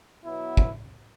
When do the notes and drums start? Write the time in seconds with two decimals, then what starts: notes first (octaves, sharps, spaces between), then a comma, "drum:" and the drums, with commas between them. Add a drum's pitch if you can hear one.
0.25 B2 F#3 B3 E4
0.57 drum: kick